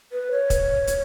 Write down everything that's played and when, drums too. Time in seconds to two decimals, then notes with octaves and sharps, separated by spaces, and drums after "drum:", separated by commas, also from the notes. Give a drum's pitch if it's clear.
0.12 B4
0.31 C#5
0.50 drum: kick, hi-hat
0.87 drum: hi-hat